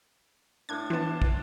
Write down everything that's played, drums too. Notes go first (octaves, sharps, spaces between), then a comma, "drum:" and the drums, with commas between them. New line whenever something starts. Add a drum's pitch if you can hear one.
A2 D4 G#6
E3 B3 C5 A5
drum: kick